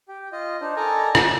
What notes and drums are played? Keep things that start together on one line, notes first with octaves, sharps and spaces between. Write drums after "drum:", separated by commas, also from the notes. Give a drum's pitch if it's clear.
G4
F4 D#5
D4 D#4 C5
A4 A#4 D5 D#5 G#5 A#5
E6, drum: rim click